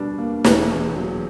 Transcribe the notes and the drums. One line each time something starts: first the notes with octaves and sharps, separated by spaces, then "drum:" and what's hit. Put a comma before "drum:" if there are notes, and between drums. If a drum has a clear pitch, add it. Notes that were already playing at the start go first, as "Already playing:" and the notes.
Already playing: B2 G3 D4
A#3
E1, drum: snare
E2
F#3